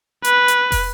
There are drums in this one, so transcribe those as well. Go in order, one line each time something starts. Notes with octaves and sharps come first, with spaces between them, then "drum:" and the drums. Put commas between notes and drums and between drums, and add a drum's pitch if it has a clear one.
B4, drum: hi-hat
drum: hi-hat
drum: kick, open hi-hat